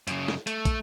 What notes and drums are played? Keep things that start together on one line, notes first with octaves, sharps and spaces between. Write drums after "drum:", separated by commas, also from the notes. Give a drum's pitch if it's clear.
F#2 C#3, drum: hi-hat
drum: snare
A3, drum: hi-hat
drum: kick, hi-hat